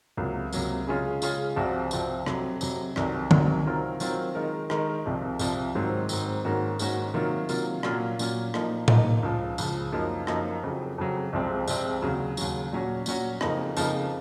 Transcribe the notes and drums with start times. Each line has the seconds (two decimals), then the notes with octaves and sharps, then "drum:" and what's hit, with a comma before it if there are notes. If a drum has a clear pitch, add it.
0.17 C#2 C3 F#3 A#3
0.53 C#2 C3 F#3 A#3, drum: tambourine
0.87 C#3 G#3 C#4 F4 G#4
1.22 C#3 G#3 C#4 F4 G#4, drum: tambourine
1.56 C2 C3 F3 C4 F#4
1.91 C2 C3 F3 C4 F#4, drum: tambourine
2.26 F2 C3 F#3, drum: rim click
2.61 F2 C3 F#3, drum: tambourine
2.96 C2 C3 D#3 F#3, drum: rim click
3.31 C2 C3 D#3 F#3, drum: tom
3.66 D#3 F#3 C4 F4 A#4
4.00 D#3 F#3 C4 F4 A#4, drum: tambourine
4.35 D#3 G#3 D#4 A#4
4.70 D#3 G#3 D#4 A#4, drum: rim click
5.06 C2 C3 F3
5.39 C2 C3 F3, drum: tambourine
5.75 G#2 D#3 F#3 C4
6.09 G#2 D#3 F#3 C4, drum: tambourine
6.45 G#2 D#3 A#3 C#4 F#4
6.79 G#2 D#3 A#3 C#4 F#4, drum: tambourine
7.14 C3 D#3 F#3 A#3 F4
7.49 C3 D#3 F#3 A#3 F4, drum: tambourine
7.83 A#2 F#3 C#4 F4, drum: rim click
8.19 A#2 F#3 C#4 F4, drum: tambourine
8.54 A#2 F3 A#3 D#4, drum: rim click
8.88 A#2 F3 A#3 D#4, drum: tom A2
9.23 C#2 C#3 F3
9.58 C#2 C#3 F3, drum: tambourine
9.92 F#2 F3 A#3 D#4
10.27 F#2 F3 A#3 D#4, drum: rim click
10.63 F2 C#3 F#3
10.98 F2 C#3 F#3
11.33 C2 C3 F3 G#3 C4
11.68 C2 C3 F3 G#3 C4, drum: tambourine
12.02 D#2 C#3 F#3
12.37 D#2 C#3 F#3, drum: tambourine
12.72 A#2 F#3 C#4 F#4
13.06 A#2 F#3 C#4 F#4, drum: tambourine
13.41 F2 C#3 F3 A#3 D#4, drum: rim click
13.77 F2 C#3 F3 A#3 D#4, drum: tambourine